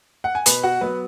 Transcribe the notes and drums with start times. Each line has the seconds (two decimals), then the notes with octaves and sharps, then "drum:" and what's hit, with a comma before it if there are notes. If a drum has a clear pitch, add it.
0.24 F#5
0.35 G#5
0.46 B2 B4 B5, drum: hi-hat
0.63 F#4 F#5
0.81 F#3 B3 B4